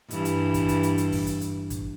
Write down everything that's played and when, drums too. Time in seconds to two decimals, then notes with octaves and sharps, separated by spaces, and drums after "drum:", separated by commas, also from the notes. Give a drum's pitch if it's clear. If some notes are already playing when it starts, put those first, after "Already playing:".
0.11 G2 E3, drum: hi-hat
0.25 drum: hi-hat
0.54 drum: kick, hi-hat
0.69 drum: hi-hat
0.83 drum: hi-hat
0.98 drum: hi-hat
1.12 drum: kick, open hi-hat
1.27 drum: hi-hat
1.41 drum: hi-hat
1.70 drum: kick, hi-hat